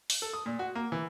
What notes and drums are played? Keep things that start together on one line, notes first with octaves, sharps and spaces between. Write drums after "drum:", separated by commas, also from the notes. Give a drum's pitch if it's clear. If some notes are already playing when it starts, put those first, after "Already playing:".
drum: open hi-hat
A4
D#6
A#2
F#4
A#3
E3